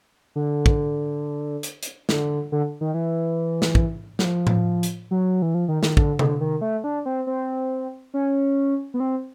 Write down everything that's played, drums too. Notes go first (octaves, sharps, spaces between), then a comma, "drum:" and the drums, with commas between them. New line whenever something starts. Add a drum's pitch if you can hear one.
D3
drum: kick
drum: hi-hat
drum: hi-hat
D3, drum: snare
D3
D#3
E3
drum: snare
drum: kick
F#3, drum: snare
F3
drum: tom A2
drum: hi-hat
F#3
E3
F3
D#3
D#3, drum: snare
D3, drum: kick
D3, drum: tom C3
D#3
A3
D4
C4
C4
C#4
B3
C4